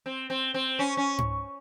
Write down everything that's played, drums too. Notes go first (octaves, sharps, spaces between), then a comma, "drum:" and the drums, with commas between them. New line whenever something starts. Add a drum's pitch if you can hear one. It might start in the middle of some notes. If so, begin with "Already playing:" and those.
C4
C4
C4
C#4
C#4
drum: tom G#2